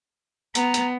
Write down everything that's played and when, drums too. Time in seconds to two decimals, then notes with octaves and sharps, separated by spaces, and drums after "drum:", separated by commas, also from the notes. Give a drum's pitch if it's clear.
0.55 B3 A#5, drum: hi-hat
0.74 drum: hi-hat